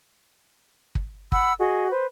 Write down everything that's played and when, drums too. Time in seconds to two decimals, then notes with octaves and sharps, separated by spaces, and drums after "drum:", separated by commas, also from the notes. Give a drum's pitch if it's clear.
0.95 drum: kick
1.32 F#5 B5 E6, drum: kick
1.58 F#4 G#4 D#5
1.90 B4 C5